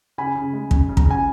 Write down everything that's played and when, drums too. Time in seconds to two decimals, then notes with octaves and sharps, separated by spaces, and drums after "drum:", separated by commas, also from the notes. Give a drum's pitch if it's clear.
0.18 C#3 G#5 B5
0.35 C#3
0.53 G#3
0.71 C#4, drum: kick
0.89 C#3
0.97 A#5, drum: kick
1.06 C#3 G#5